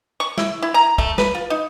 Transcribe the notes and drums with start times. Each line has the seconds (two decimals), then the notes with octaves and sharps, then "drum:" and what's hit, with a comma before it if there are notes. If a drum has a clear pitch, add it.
0.20 C#6
0.38 E4, drum: snare
0.62 E4
0.74 A#5
0.98 A3, drum: kick
1.18 B4, drum: snare
1.35 F4
1.50 D#4